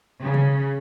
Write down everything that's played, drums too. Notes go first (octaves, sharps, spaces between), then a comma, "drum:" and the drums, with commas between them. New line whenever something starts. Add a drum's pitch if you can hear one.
C#3
drum: tom